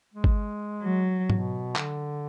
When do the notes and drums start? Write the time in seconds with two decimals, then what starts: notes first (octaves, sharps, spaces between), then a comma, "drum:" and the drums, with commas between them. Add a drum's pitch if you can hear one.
0.14 G#3
0.24 drum: kick
0.83 F#3
1.30 B2, drum: tom G#2
1.76 D3, drum: clap